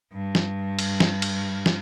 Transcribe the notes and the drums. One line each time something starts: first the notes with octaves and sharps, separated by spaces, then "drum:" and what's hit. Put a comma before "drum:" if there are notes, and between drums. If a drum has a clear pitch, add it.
G2
drum: snare
drum: cymbal
drum: snare
drum: cymbal
drum: snare